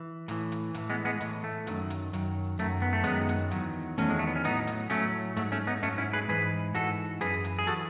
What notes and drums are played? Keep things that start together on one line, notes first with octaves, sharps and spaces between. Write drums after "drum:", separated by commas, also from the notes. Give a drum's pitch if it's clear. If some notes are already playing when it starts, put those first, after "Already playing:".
Already playing: E3
A2 E3, drum: hi-hat
drum: hi-hat
A2 E3, drum: hi-hat
G#3 B3
G#3 B3
A2 E3, drum: hi-hat
A3
F#2 D#3 F#3, drum: hi-hat
drum: hi-hat
F#2 D#3 F#3, drum: hi-hat
F#2 D#3 F#3 A3, drum: hi-hat
B3
A3
F#2 D#3 F#3 G#3 B3, drum: hi-hat
drum: hi-hat
E2 D#3 F#3, drum: hi-hat
E2 D#3 F#3 A3 C#4, drum: hi-hat
G#3
A3
B3
C#4
A2 F#3 B3 D#4, drum: hi-hat
drum: hi-hat
A2 F#3 A3 C#4, drum: hi-hat
G#2 F#3 A3, drum: hi-hat
A3 C#4
B3 D#4
G#2 F#3 A3 C#4, drum: hi-hat
C#4 E4
G#4 B4
G#2 E3 G#4 B4
G#2 E3 F#4 A4, drum: hi-hat
F#2 E3 G#4 B4, drum: hi-hat
drum: hi-hat
G#4
E3 F#4 A4, drum: hi-hat